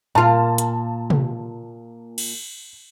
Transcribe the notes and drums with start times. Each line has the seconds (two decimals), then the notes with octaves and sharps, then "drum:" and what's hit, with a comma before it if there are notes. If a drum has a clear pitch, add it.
0.15 A#2 F4 A5
0.58 drum: hi-hat
1.10 drum: tom
2.18 drum: cymbal